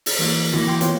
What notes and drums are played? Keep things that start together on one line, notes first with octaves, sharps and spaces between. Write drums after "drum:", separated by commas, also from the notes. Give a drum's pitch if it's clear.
drum: open hi-hat
E3 F#3 A#3
E3 A#3 F#4
G5 C6
B3 F4 C#5, drum: hi-hat